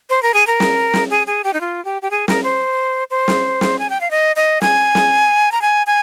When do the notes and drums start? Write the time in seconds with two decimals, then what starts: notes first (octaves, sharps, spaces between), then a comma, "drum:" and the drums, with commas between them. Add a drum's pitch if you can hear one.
0.10 C5
0.23 A#4
0.34 G#4
0.47 A#4
0.60 drum: snare
0.94 drum: snare
1.10 G#4
1.27 G#4
1.44 G4
1.54 D#4
1.61 F4
1.85 G4
2.02 G4
2.11 G#4
2.28 A#4, drum: snare
2.43 C5
3.11 C5
3.28 drum: snare
3.61 drum: snare
3.79 G#5
3.90 G5
4.01 F5
4.11 D#5
4.36 D#5
4.62 G#5, drum: snare
4.95 drum: snare
5.52 A#5
5.62 G#5
5.87 G#5